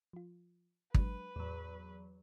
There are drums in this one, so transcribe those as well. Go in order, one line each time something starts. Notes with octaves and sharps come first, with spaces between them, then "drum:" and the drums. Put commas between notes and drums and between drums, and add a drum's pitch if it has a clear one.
F3 F4
F#3 G#3 D4 B4, drum: kick
E2 A2 F#3